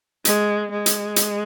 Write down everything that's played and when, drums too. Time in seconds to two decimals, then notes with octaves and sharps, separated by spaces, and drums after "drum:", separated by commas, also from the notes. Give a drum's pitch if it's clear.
0.25 G#3, drum: hi-hat
0.71 G#3
0.86 drum: hi-hat
1.16 drum: hi-hat